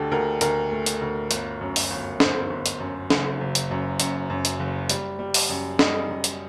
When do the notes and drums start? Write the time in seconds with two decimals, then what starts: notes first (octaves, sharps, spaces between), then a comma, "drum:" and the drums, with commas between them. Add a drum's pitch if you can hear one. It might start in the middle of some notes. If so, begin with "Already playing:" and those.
Already playing: D2 D3 G4 A4
0.11 D2 A#4
0.41 D2 A#4, drum: hi-hat
0.71 A3
0.86 drum: hi-hat
1.01 D2
1.31 G1, drum: hi-hat
1.61 F#2
1.76 drum: open hi-hat
1.90 G1
2.20 G1 C5, drum: snare
2.50 G1
2.66 drum: hi-hat
2.80 F#2
3.10 F#1, drum: snare
3.41 F#1
3.55 drum: hi-hat
3.71 F#2
4.00 F#2, drum: hi-hat
4.30 F#2
4.45 drum: hi-hat
4.60 F#1
4.89 G3, drum: hi-hat
5.19 G3
5.34 drum: open hi-hat
5.49 F#2
5.79 G3 D#5, drum: snare
6.09 F#2
6.24 drum: hi-hat